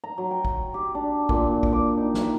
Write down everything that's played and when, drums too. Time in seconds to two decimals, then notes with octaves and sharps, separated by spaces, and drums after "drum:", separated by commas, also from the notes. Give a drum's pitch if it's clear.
0.04 A#5
0.18 F#3
0.31 G5
0.45 drum: kick G#1
0.74 G4
0.95 D4
1.29 A#2, drum: kick G#1
1.63 drum: kick G#1
1.73 D6
1.98 D#4
2.14 drum: snare F#4